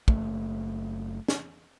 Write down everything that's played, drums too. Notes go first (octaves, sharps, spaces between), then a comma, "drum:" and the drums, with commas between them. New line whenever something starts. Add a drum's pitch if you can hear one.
F#1 A3, drum: kick
drum: snare